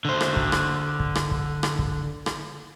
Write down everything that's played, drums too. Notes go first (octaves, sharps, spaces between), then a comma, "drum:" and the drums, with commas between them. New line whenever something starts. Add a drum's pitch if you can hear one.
D3 C5
drum: rim click
drum: kick
drum: rim click
drum: kick
drum: rim click
drum: kick
drum: rim click
drum: kick
drum: rim click